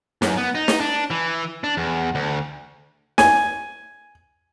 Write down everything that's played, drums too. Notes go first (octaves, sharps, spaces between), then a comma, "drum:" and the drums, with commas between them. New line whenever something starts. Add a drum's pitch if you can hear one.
F#2, drum: snare
B3
D#4
drum: snare
D4
E3
D4
E2
D2
G#5, drum: snare